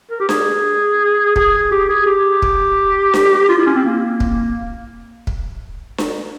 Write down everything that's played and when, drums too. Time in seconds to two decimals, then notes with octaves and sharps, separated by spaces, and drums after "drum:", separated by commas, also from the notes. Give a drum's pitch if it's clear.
0.11 A#4
0.20 G4
0.29 G#4, drum: snare D4
1.36 G#4, drum: kick
1.71 G4
1.89 G#4
2.07 G4
2.42 drum: kick
3.14 drum: snare D4
3.49 F4
3.57 E4
3.67 C#4
3.76 C4
3.85 A#3
4.20 drum: kick
5.27 drum: kick
5.98 drum: snare D4